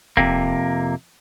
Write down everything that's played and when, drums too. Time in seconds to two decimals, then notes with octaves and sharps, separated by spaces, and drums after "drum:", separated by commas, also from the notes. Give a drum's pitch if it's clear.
0.17 F2 C3 A#3, drum: kick D#1